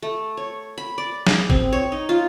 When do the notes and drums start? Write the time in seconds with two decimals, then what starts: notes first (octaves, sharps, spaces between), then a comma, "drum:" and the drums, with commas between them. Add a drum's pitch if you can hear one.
0.02 A3
0.37 C#5
0.78 B5
0.98 D5
1.27 G#4, drum: snare
1.50 C4, drum: kick
1.73 C#5
1.92 D#4
2.09 F4